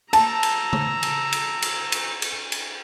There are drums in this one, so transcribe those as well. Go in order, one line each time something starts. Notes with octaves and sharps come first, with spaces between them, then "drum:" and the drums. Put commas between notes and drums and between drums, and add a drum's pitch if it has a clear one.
A5 A#5 E6, drum: cymbal
drum: cymbal
drum: tom C#3
drum: cymbal
drum: cymbal
drum: cymbal
drum: cymbal
drum: cymbal
drum: cymbal